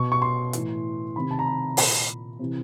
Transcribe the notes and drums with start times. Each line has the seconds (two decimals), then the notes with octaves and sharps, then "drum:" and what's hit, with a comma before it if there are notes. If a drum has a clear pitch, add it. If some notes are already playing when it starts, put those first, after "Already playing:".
Already playing: B2 C#6
0.12 C#6
0.22 C6
0.53 A2 E3, drum: hi-hat
1.16 C3 D#3 B5
1.31 A5
1.39 A#5
1.46 B5
1.77 A#2 B5, drum: open hi-hat
2.39 C3 E3